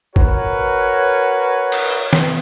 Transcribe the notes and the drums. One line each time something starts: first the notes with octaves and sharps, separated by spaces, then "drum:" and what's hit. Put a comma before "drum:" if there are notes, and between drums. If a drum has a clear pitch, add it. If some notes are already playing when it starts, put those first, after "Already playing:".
F#4 A#4 B4 C#5, drum: kick
drum: cymbal
drum: snare